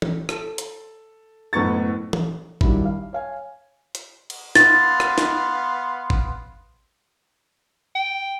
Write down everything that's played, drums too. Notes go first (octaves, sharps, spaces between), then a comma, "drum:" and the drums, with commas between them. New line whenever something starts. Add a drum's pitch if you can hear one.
drum: tom E3
A4, drum: rim click
drum: hi-hat
F#1 A2 B3 C#6 A6
drum: tom E3
G2 D#3 F#3 G3 D4 E4, drum: kick G#1
F5
C#5 F5 G#5
drum: hi-hat
drum: cymbal
B3 F5 C6 A6, drum: snare
drum: rim click
drum: snare
drum: kick G#1
G5